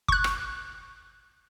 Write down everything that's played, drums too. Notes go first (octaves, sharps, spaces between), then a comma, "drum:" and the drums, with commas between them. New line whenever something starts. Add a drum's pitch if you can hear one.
C#6 F#6, drum: kick G1
drum: rim click